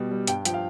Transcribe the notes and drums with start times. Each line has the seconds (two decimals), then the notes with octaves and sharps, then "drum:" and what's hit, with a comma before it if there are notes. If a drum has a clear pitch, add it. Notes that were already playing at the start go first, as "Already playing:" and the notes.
Already playing: B2 G3
0.11 G3
0.27 G2 G5, drum: hi-hat
0.45 F3 G5, drum: hi-hat
0.54 F5